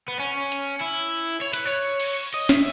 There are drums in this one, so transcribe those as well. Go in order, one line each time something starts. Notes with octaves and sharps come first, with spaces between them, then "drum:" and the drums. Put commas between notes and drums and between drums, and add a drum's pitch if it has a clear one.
B3
C#4
drum: hi-hat
E4
C#5
B4, drum: hi-hat
C#5
drum: cymbal
D#5
E5, drum: snare